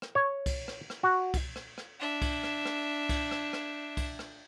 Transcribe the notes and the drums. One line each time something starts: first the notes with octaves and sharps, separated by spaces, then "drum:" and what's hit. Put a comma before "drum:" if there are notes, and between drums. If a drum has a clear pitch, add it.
drum: rim click
C#5
drum: kick C2, cymbal
drum: rim click
drum: rim click
F#4
drum: kick C2, cymbal
drum: rim click
drum: rim click
D4 E5
drum: kick C2, cymbal
drum: rim click
drum: rim click
drum: kick C2, cymbal
drum: rim click
drum: rim click
drum: kick C2, cymbal
drum: rim click